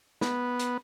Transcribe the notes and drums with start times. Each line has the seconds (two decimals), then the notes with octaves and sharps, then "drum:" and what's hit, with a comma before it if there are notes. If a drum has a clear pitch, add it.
0.21 B3, drum: snare
0.59 drum: hi-hat